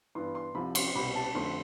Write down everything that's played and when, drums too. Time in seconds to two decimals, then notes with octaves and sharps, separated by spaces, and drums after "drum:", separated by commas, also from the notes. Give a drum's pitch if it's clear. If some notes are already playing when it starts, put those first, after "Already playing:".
0.15 G2 E3 B3 C6
0.35 C6
0.55 C2 C3 F3 B5
0.75 C6, drum: cymbal
0.87 C6
0.95 C2 B2 G3 C4 B5
1.15 A5
1.35 F2 D3 A3 C4 C6